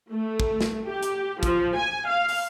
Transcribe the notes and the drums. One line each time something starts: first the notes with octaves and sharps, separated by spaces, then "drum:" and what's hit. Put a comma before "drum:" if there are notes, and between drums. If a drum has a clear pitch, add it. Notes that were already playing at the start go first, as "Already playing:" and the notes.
A3
drum: kick
drum: snare
G4
drum: hi-hat
F3, drum: kick, hi-hat
G#5
F5
drum: open hi-hat